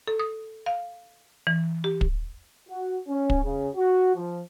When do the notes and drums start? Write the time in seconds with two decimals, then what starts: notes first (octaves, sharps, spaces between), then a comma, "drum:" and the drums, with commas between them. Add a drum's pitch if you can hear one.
0.07 A4
0.20 D#6
0.66 F5
1.47 E3
1.84 G4
2.01 drum: kick
2.69 F#4
3.08 C#4
3.30 drum: kick
3.44 C#3
3.76 F#4
4.15 F3